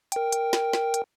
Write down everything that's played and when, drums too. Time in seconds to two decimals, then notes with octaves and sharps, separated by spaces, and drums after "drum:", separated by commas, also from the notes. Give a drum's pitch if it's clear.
0.12 A#4 G5, drum: hi-hat
0.32 drum: hi-hat
0.53 drum: snare
0.73 drum: snare
0.94 drum: hi-hat